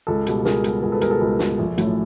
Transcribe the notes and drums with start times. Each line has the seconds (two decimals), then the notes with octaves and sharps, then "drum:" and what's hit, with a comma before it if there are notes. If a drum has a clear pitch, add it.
0.07 C#2 A4
0.27 B2 G3, drum: hi-hat
0.45 C#2 G#4 A#4, drum: snare
0.64 B2 G3, drum: hi-hat
0.83 C#2 G#4 A#4
0.92 A4 B4
1.01 B2 G3 G#4 A#4, drum: hi-hat
1.11 A4
1.21 C#2
1.39 B2 G3, drum: snare
1.59 A#1
1.78 A2 F#3 A3 C#4, drum: hi-hat